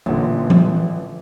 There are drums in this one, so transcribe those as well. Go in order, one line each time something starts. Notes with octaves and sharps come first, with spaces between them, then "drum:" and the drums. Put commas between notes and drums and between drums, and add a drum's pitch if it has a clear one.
A1 A#2 D3
drum: tom E3